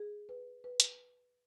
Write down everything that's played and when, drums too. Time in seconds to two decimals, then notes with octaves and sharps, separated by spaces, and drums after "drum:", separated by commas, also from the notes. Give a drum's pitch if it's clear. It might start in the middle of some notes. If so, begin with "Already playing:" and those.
Already playing: G#4
0.29 B4
0.64 B4
0.80 drum: hi-hat